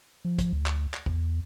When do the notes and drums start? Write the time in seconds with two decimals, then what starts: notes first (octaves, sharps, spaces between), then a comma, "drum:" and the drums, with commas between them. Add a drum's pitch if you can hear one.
0.25 F3
0.38 drum: kick, hi-hat
0.53 D2
0.66 drum: clap
0.94 drum: clap
1.06 E2, drum: kick